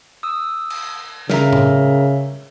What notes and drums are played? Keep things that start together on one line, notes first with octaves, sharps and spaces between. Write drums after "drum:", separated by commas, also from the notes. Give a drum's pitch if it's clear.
D#6 E6
drum: cymbal
C#3 A#4 E5 A#5, drum: snare
drum: tom A2